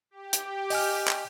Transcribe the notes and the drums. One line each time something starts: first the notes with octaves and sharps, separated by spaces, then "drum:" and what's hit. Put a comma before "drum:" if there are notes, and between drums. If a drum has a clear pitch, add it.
G4
drum: hi-hat
D#5 G#5 F6, drum: open hi-hat
drum: clap